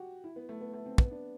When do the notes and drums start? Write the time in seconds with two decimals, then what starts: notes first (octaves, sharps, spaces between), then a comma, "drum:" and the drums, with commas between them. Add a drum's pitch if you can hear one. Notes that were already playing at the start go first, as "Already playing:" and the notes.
Already playing: F#4 G4
0.24 E4
0.36 B3
0.49 A3
0.61 B3
0.73 A3
0.86 C4
0.98 B3, drum: kick
1.11 D4